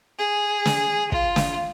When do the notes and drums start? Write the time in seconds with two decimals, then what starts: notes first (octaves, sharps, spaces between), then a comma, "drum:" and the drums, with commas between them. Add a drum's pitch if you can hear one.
0.19 G#4
0.65 drum: snare
1.12 F4, drum: kick
1.36 drum: snare